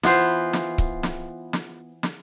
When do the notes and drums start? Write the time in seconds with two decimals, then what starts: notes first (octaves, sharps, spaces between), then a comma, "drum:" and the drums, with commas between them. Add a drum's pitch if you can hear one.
0.03 E3 B3 F4 C5, drum: snare
0.53 drum: snare
0.78 drum: kick C#1
1.03 drum: snare
1.53 drum: snare
2.03 drum: snare